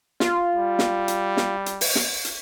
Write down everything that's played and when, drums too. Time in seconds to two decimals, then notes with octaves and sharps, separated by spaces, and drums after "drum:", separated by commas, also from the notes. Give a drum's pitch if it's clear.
0.20 F4, drum: snare
0.55 G3
0.79 drum: snare
1.08 drum: hi-hat
1.37 drum: snare
1.66 drum: hi-hat
1.81 drum: open hi-hat
1.95 drum: snare
2.25 drum: hi-hat